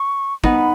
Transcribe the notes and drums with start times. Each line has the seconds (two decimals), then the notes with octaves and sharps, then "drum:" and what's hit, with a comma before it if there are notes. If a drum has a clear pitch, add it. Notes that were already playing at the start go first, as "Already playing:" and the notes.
Already playing: C#6
0.44 B3 D#4 B5, drum: kick